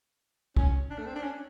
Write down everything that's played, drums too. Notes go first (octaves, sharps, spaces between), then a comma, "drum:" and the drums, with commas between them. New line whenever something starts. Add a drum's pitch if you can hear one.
C#4, drum: kick
D4
A3
C4
D4
C#4